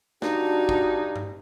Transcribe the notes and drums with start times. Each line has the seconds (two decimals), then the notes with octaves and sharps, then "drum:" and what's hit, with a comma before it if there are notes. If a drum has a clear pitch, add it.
0.22 G2 D4 D#4 F#4, drum: snare
0.69 drum: kick
1.16 drum: tom G2